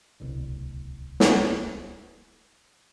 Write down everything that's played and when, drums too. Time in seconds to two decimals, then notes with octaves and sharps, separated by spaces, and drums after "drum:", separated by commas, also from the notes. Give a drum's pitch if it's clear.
0.20 D1 C2 B2 D3
1.20 drum: snare